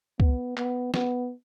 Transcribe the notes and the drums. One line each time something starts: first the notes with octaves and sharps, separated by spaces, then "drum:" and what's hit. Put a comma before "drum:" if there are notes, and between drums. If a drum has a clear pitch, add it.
B3, drum: kick
B3, drum: clap
B3, drum: snare